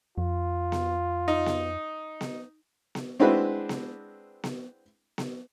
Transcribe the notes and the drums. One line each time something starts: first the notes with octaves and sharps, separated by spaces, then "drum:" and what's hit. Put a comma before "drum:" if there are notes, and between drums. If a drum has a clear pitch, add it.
F2 F4
drum: snare B3
D#4
drum: snare B3
drum: snare B3
drum: snare B3
G#3 C4 D4 E4 F#4 B4
drum: snare B3
drum: snare B3
drum: snare B3